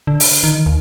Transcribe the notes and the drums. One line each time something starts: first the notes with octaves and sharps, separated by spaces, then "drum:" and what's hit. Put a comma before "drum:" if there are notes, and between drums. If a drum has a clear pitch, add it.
D3
drum: open hi-hat
D#3
D#2